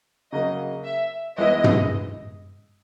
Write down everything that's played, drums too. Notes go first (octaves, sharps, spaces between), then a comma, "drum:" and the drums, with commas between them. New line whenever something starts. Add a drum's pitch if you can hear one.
C#3 F#3 A#3 D#5
E5
E3 G#3 B3 E4 D#5
drum: tom